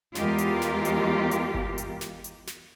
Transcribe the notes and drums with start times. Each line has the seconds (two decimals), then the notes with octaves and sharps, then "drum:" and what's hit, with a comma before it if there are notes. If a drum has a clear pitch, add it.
0.15 E2 E3 G#3 F4 G4 A#4, drum: snare
0.38 drum: hi-hat
0.62 drum: snare
0.85 drum: hi-hat
1.31 drum: hi-hat
1.54 drum: kick G1
1.78 drum: hi-hat
2.01 drum: snare
2.24 drum: hi-hat
2.47 drum: snare